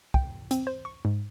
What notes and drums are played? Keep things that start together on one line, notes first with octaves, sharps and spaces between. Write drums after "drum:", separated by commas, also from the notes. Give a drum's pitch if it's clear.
G5, drum: kick
C4, drum: hi-hat
C5
C#6
G#2